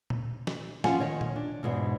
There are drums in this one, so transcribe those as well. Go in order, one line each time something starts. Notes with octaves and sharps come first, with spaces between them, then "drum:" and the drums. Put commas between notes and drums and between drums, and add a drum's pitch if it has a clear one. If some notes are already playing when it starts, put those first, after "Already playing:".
drum: tom A#2
drum: snare
F3 C#4 F4 F#5 G#5, drum: snare
D#3 C#5
drum: tom A#2
D4
E2 G#2 B2